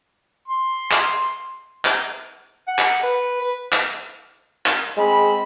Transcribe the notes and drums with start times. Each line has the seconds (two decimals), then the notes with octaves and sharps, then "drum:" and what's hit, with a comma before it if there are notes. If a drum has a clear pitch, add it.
0.48 C6
0.91 drum: clap
1.85 drum: clap
2.68 F#5
2.79 drum: clap
3.03 B4
3.41 B4
3.72 drum: clap
4.66 drum: clap
4.97 G#3 C4 B5